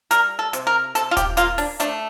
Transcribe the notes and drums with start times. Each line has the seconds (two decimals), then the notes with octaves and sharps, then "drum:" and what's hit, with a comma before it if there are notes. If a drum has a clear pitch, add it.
0.11 G3 A#4, drum: hi-hat
0.39 A4
0.53 C3, drum: hi-hat
0.67 A#4
0.95 C3 A4, drum: hi-hat
1.11 F4
1.17 G4, drum: kick D#1, hi-hat
1.37 A#3 F4, drum: hi-hat
1.58 D4, drum: open hi-hat
1.80 A3 D4, drum: hi-hat